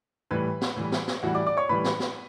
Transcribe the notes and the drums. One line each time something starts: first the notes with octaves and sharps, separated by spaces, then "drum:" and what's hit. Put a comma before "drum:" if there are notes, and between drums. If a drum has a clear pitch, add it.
A2 E3 G3 B4 B5
drum: snare
A2 E3 G3
drum: snare
drum: snare
A2 E3 G3 F#4 F#5
D5 D6
D5 D6
C#5 C#6
A2 E3 G3 B4 B5
drum: snare
drum: snare